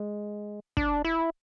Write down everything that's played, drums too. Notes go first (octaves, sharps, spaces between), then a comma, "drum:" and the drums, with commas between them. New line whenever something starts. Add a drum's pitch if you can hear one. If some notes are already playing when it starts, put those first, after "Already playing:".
Already playing: G#3
D4, drum: kick
E4